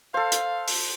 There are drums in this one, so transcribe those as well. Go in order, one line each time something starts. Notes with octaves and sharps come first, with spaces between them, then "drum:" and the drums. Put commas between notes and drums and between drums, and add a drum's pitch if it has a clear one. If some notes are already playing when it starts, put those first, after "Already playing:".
A4 C5 F5
drum: hi-hat
drum: open hi-hat